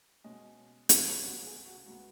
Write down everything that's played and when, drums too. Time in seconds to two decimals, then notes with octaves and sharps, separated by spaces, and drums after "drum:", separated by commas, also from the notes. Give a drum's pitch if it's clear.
0.24 B2 G#3 C#4 D#5
0.89 drum: hi-hat
1.05 C#2 C#3 G#3 B3 C#5
1.26 F#4
1.46 G#4
1.66 F#4
1.86 C#2 C#3 G#3 B3 F#4